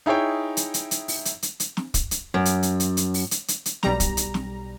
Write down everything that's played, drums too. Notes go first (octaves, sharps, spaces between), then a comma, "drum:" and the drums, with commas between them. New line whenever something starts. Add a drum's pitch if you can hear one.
D#4 E4 G#4 C#5 G5
drum: hi-hat
drum: hi-hat
drum: hi-hat
drum: open hi-hat
drum: hi-hat
drum: hi-hat
drum: hi-hat
drum: snare
drum: kick, hi-hat
drum: hi-hat
F#2
drum: hi-hat
drum: hi-hat
drum: hi-hat
drum: hi-hat
drum: open hi-hat
drum: hi-hat
drum: hi-hat
drum: hi-hat
B1 G3 A#5, drum: snare
drum: kick, hi-hat
drum: hi-hat
drum: snare